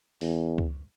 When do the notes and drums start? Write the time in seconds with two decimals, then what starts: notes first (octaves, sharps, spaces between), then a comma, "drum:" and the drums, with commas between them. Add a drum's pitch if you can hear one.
0.21 E2, drum: open hi-hat
0.58 drum: kick C#2